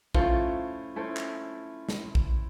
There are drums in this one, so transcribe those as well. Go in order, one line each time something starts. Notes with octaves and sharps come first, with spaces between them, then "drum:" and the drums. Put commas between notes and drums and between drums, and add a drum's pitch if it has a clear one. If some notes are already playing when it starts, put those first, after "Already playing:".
F3 A3 C#4 E4 F4 A4 C5, drum: kick A#1
A3 C#4 E4 A4 C5
drum: clap
drum: snare
drum: kick A#1